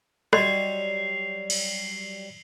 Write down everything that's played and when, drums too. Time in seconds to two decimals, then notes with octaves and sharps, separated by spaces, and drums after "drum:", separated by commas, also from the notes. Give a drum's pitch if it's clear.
0.33 F#3 G3 D5 D#5 C6 C7 F7, drum: rim click
1.50 drum: cymbal